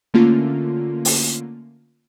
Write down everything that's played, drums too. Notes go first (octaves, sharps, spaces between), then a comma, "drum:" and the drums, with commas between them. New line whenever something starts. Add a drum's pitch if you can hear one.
D3 A3 A#3 C#4 F4
drum: open hi-hat